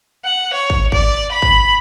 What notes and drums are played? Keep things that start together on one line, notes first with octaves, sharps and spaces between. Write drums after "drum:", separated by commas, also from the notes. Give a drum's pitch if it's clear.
F#5
C#5
drum: kick
D5, drum: kick
B5
drum: kick